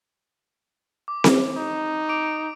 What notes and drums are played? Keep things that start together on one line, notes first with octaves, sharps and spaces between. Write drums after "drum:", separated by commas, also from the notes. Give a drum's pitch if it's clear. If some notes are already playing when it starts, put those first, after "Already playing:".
D6
drum: snare C4
D#4
D6 D7 F7